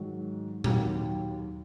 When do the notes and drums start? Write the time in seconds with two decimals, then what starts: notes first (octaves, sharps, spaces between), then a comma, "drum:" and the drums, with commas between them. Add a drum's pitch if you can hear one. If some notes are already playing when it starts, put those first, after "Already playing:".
Already playing: G#2 D#3 F#3
0.64 D#2 D#3 F#3, drum: tom A#2